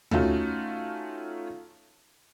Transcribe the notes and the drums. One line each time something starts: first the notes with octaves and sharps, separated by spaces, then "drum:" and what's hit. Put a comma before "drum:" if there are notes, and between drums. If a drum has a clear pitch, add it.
A3 C#4 D#4 F4 F#4 A4, drum: tom D2